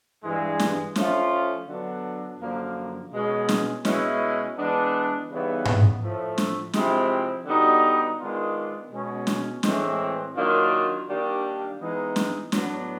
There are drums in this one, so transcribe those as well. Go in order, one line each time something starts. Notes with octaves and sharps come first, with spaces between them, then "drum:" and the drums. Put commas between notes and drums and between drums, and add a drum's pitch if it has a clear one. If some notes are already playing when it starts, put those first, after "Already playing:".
G2 E3 G#3
drum: snare
F3 A3 C#4 F4, drum: snare
D3 F#3 B3 D4
F#2 D3 F3 A#3
B2 G#3 C#4
drum: snare
B2 G#3 C#4 E4, drum: snare
E3 G#3 B3 D4
C#3 E3 G3 B3 D#4
drum: tom G#2
A2 F3 A3
drum: snare
C3 F3 G#3 C4 E4, drum: snare
D3 G3 B3 D#4 F#4
D#3 G#3 B3 D4 F4
B2 G#3 C#4
drum: snare
A2 E3 G#3 C4, drum: snare
D#3 F#3 A#3 D4 F4
D#3 G3 A#3 D4
E3 G#3 B3 D#4
drum: snare
A2 F#3 B3 D4, drum: snare